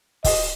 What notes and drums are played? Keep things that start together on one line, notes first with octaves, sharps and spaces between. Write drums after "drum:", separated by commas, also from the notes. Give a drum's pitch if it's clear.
D#5, drum: kick, open hi-hat